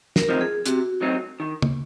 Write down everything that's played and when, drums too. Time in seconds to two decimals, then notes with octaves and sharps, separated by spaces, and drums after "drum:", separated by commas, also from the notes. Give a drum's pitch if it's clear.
0.16 A#4, drum: snare
0.29 F3 C4 D#4
0.41 G#4
0.66 C3 F#4, drum: hi-hat
1.02 F#3 C4 D#4
1.40 D#3
1.62 drum: tom